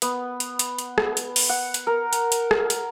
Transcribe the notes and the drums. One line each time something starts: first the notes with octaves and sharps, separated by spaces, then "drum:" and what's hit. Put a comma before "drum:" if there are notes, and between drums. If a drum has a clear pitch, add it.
B3, drum: hi-hat
drum: hi-hat
drum: hi-hat
drum: hi-hat
drum: rim click
drum: hi-hat
drum: open hi-hat
F#5
drum: hi-hat
A#4
drum: hi-hat
drum: hi-hat
drum: rim click
drum: hi-hat